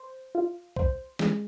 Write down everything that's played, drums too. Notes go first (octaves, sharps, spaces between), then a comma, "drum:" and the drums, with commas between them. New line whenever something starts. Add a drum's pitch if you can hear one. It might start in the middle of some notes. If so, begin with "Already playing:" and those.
Already playing: C5
F4
C5, drum: kick
G#3, drum: snare